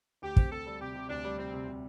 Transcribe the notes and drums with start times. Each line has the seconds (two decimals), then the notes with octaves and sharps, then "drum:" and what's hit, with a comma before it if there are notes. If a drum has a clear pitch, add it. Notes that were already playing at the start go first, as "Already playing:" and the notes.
0.22 D2 G4
0.37 C4, drum: kick
0.51 C4 A4
0.66 G3
0.81 C3 G4
0.95 C3
1.09 D2 D4
1.25 G3
1.38 C3 C4
1.53 C3
1.68 C3